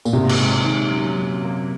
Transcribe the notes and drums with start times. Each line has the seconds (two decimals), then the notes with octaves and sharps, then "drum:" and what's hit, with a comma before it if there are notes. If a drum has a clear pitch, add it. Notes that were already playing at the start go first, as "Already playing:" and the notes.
0.05 A#2, drum: tambourine
0.13 G#1 C3
0.29 drum: cymbal
0.39 G#3
0.65 D#3
0.91 F#2
1.17 F#2
1.44 A#3